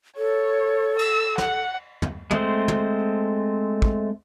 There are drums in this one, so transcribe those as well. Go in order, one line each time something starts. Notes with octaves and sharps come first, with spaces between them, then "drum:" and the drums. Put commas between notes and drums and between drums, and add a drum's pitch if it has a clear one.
A4 C#5
E6, drum: cymbal
F#5, drum: snare
drum: tom
G#3 A3 C4 C5, drum: tom
drum: tom
drum: kick